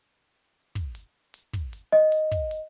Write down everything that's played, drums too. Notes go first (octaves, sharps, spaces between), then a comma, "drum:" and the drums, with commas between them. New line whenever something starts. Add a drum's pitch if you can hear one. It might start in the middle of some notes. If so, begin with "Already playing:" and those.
drum: kick, hi-hat
drum: hi-hat
drum: hi-hat
drum: kick, hi-hat
drum: hi-hat
D#5
drum: hi-hat
drum: kick, hi-hat
drum: hi-hat